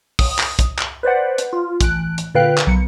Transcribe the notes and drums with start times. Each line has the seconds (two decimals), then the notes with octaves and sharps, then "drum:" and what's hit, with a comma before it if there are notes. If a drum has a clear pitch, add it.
0.19 D#6, drum: kick, open hi-hat
0.39 drum: clap
0.59 drum: kick, hi-hat
0.79 drum: clap
1.03 B4 C5 D5 F#5
1.38 drum: hi-hat
1.53 F4
1.81 A1 F#6 D7, drum: kick, hi-hat
2.18 drum: hi-hat
2.35 A#2 D3 B4 F5 G5 F#6
2.58 drum: clap
2.67 B1 C#7